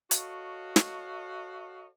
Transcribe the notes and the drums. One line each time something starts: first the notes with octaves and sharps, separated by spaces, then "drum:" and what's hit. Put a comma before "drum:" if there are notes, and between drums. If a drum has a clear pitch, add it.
F#4 A4 C#5 D#5 F5, drum: hi-hat
drum: snare